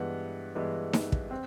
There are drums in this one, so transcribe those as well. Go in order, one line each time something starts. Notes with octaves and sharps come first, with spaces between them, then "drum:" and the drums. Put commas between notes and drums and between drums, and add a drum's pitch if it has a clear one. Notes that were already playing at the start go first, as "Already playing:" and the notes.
Already playing: G2 E3 G#3 B3 F#5
G2 E3 G#3 B3
drum: snare D#4
drum: kick
C4